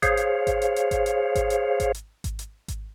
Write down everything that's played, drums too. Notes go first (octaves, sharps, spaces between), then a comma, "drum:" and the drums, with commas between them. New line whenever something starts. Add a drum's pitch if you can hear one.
G#4 C5 C#5 F5, drum: kick G#1, hi-hat
drum: hi-hat
drum: kick G#1, hi-hat
drum: hi-hat
drum: hi-hat
drum: kick G#1, hi-hat
drum: hi-hat
drum: kick G#1, hi-hat
drum: hi-hat
drum: kick G#1, hi-hat
drum: hi-hat
drum: kick G#1, hi-hat
drum: hi-hat
drum: kick G#1, hi-hat